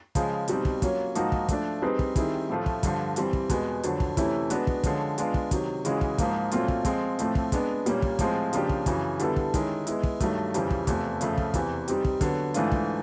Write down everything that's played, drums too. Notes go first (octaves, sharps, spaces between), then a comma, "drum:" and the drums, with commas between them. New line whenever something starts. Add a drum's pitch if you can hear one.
C#3 F3 G#3, drum: kick, hi-hat
B2 G3 C4 D#4, drum: hi-hat
drum: kick
F#3 A#3 C#4 F4, drum: kick, hi-hat
G#2 F3 A#3 D#4 F#4, drum: hi-hat
drum: kick
F3 A3 D4, drum: kick, hi-hat
G3 C4 D#4 G#4 B4
drum: kick
D#3 G3 C4 E4 G#4, drum: kick, hi-hat
A2 F3 A3
drum: kick
G2 D3 F3, drum: kick, hi-hat
E3 G3 C4, drum: hi-hat
drum: kick
E2 B2 G#3 B3, drum: kick, hi-hat
F2 D3 F#3, drum: hi-hat
drum: kick
C3 E3 A3 C#4 E4, drum: kick, hi-hat
G#3 B3 D4 F#4 B4, drum: hi-hat
drum: kick
D3 F3 G#3 C#4, drum: kick, hi-hat
G#3 B3 D4 F4, drum: hi-hat
drum: kick
C3 D#3 F#3, drum: kick, hi-hat
C#3 E3 G#3 C#4 F#4, drum: hi-hat
drum: kick
G#2 F3 A#3 D#4, drum: kick, hi-hat
A#2 F#3 A3 C4 F4, drum: hi-hat
drum: kick
F3 G#3 C4, drum: kick, hi-hat
A2 F3 A3 C4, drum: hi-hat
drum: kick
G#3 B3 D4, drum: kick, hi-hat
A#2 G3 A#3 C#4, drum: hi-hat
drum: kick
A2 F3 G#3 C4, drum: kick, hi-hat
C#3 F3 A#3 D4 G4, drum: hi-hat
drum: kick
F#2 C#3 E3, drum: kick, hi-hat
D3 G3 B3 E4 A4, drum: hi-hat
drum: kick
D#3 G#3 C#4 E4, drum: kick, hi-hat
G#3 B3 E4, drum: hi-hat
drum: kick
G2 D#3 F#3 A3, drum: kick, hi-hat
F2 C#3 E3 G3, drum: hi-hat
drum: kick
E2 C3 F3 A3, drum: kick, hi-hat
F2 C#3 F3 A3, drum: hi-hat
drum: kick
E2 C3 E3, drum: kick, hi-hat
G3 C4 D#4 G4, drum: hi-hat
drum: kick
D3 F#3 B3, drum: kick, hi-hat
G#2 E3 A3 D4 F4, drum: hi-hat
drum: kick